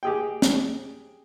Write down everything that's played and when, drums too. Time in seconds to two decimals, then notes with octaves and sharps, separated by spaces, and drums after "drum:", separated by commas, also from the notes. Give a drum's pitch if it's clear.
0.03 G4 G#4 G5
0.42 drum: snare